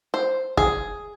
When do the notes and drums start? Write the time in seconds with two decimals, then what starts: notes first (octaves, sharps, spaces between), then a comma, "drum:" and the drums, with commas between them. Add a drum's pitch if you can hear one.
0.14 C5
0.57 G#4, drum: kick